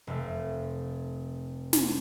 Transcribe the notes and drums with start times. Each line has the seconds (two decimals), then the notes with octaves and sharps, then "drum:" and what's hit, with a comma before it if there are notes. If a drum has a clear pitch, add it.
0.07 F1 A3
1.73 drum: snare